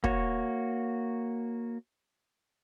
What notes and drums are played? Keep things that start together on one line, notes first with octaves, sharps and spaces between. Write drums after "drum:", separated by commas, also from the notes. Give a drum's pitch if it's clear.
A#3 F#4 C#5, drum: kick